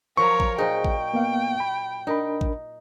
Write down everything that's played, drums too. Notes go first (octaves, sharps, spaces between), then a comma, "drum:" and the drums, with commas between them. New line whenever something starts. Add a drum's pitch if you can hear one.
F3 F#3 A#4 C#5 C#6
drum: kick
A#2 D#4 G#4 C5 G5
drum: kick
A#3 B3 F5
B5
D4 D#4 A#4 B5
drum: kick